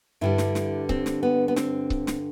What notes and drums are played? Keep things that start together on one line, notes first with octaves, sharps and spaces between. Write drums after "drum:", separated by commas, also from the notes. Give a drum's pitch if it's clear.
G2 D3 G3 E4
drum: snare
drum: snare
C4, drum: kick C#1
drum: snare
B3
B3
C4, drum: snare
drum: kick C#1
drum: snare